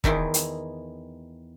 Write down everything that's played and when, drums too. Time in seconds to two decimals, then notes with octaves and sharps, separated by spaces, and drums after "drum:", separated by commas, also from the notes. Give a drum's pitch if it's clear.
0.04 E2 D#3 E3 C6, drum: kick
0.34 drum: hi-hat